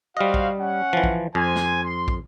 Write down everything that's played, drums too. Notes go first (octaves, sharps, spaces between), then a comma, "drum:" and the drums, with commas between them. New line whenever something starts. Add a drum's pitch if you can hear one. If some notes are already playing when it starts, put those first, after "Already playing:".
G3 F#4 C5 D#5 F5
drum: kick
C#4 F#5
E3 F3
drum: kick
F2 C5 G#5
drum: snare
C6
drum: kick